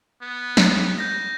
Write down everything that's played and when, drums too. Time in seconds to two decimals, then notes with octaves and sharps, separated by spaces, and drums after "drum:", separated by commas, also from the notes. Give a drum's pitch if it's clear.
0.22 B3
0.57 drum: snare
0.99 G6 A#6